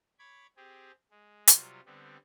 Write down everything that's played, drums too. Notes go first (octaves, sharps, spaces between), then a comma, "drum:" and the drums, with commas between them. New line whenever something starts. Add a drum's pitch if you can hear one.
C#5 B5 D6 G#6
C4 G4 G#4
G#3
C3 F#3 G3 F4, drum: hi-hat
D3 G3 B3 C4